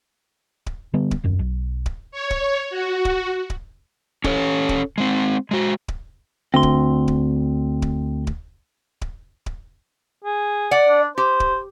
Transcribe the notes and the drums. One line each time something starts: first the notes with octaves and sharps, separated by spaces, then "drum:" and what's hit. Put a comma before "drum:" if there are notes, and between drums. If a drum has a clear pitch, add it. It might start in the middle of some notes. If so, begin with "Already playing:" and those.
drum: kick D1
D3 G3 B3
drum: kick D1
D#1 F#2
B1
drum: kick D1
C#5
drum: kick D1
F#4
drum: kick D1
drum: kick D1
C#4 A4 C#5, drum: kick D1
drum: kick D1
G#3 C4
G#3 F#4
drum: kick D1
D2 C4 C6
drum: kick D1
drum: kick D1
drum: kick D1
drum: kick D1
drum: kick D1
drum: kick D1
G#4
D5 F#5
D4
G4 C5
drum: kick D1